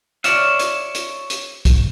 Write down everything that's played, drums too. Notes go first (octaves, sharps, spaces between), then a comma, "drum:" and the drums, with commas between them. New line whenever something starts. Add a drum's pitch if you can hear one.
C#5 D5 E5 F5, drum: hi-hat
drum: hi-hat
drum: hi-hat
drum: hi-hat
drum: kick, hi-hat